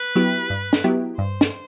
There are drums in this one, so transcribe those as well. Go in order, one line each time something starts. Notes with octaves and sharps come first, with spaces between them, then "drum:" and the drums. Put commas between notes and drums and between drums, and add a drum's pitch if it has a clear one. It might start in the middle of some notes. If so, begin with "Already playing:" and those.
Already playing: B4
F#3 B3 E4 G4
G2
drum: snare
F#3 B3 E4 G4
G2 C5
drum: snare